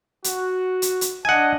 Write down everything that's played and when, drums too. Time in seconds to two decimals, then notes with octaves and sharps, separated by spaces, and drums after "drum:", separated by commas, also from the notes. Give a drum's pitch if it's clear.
0.24 F#4, drum: hi-hat
0.82 drum: hi-hat
1.01 drum: hi-hat
1.25 D4 D#5 F#5 G#5 A5